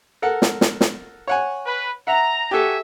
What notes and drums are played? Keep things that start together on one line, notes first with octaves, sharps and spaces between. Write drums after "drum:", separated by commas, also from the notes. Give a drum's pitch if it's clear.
A4 A#4 F#5
drum: snare
drum: snare
drum: snare
C#5 F#5 G#5
B4
E5 F#5 A#5
F#4 G4 A4 E5 G#5